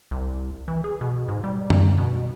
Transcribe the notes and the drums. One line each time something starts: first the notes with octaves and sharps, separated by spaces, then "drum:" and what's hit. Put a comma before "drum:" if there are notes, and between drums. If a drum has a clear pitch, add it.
C2
E3
G#4
B2
G#2
G3
drum: tom F#2
B2